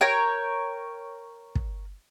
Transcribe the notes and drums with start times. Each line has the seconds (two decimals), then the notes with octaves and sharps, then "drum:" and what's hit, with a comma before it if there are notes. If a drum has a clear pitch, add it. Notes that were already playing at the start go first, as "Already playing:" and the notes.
0.01 A#4 C#5 G5
1.55 drum: kick